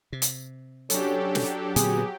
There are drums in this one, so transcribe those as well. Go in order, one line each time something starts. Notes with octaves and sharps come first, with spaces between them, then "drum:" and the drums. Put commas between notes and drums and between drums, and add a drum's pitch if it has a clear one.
C3
drum: hi-hat
F#3 C#4 D4 G4 A4, drum: hi-hat
drum: snare
A#2 D3 B3 C4 F#4 G#4, drum: hi-hat